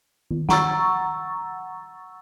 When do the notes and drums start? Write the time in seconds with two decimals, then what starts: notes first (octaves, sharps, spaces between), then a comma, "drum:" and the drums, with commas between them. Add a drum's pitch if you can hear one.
0.31 drum: tom D#3
0.49 F#5 A#5 C#6 E6 A6, drum: snare